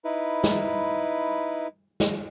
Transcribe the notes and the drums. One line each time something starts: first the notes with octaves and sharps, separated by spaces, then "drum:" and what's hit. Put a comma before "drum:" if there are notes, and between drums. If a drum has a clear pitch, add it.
D#4 E4 B4
drum: snare
drum: snare